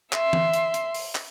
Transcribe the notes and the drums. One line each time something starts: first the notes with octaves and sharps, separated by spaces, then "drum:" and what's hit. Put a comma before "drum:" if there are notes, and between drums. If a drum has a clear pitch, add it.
E5 C6, drum: clap
drum: tom E3
drum: hi-hat
drum: hi-hat
drum: open hi-hat
drum: clap